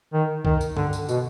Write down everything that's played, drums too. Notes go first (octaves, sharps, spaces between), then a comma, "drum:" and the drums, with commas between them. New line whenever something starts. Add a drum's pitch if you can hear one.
D#3
D#3, drum: kick C2
drum: tambourine
D3, drum: tom G2
drum: tambourine
B2, drum: tambourine